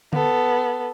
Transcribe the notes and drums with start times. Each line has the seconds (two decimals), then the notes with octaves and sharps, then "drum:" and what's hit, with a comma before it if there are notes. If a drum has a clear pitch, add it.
0.13 B3 A4, drum: tom D3